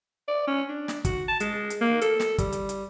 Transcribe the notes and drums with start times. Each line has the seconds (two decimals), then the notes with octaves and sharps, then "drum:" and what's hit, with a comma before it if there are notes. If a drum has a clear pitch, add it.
0.28 D5
0.47 C#4
0.68 D4
0.88 drum: snare
1.05 F#4, drum: kick, hi-hat
1.28 A5
1.40 G#3, drum: hi-hat
1.70 drum: hi-hat
1.81 A#3
2.01 A4, drum: hi-hat
2.20 drum: snare
2.38 G3, drum: kick, hi-hat
2.52 drum: hi-hat
2.69 drum: hi-hat